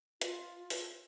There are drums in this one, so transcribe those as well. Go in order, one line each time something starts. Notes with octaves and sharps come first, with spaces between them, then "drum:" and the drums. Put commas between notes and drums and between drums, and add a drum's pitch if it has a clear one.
F4, drum: hi-hat
drum: open hi-hat